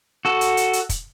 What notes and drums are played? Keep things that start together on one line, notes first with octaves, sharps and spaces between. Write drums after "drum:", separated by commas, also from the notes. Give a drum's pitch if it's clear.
F#4 A4
drum: hi-hat
drum: hi-hat
drum: hi-hat
drum: kick, hi-hat